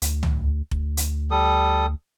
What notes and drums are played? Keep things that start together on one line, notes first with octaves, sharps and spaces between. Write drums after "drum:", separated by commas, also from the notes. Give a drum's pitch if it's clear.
D2, drum: hi-hat
drum: tom C#2
D2, drum: kick F1
drum: hi-hat
G3 A4 D#6